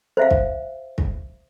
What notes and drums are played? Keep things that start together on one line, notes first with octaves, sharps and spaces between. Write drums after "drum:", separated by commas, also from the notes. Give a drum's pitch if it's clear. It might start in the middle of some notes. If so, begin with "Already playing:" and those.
C5 E5 F5
drum: kick
drum: kick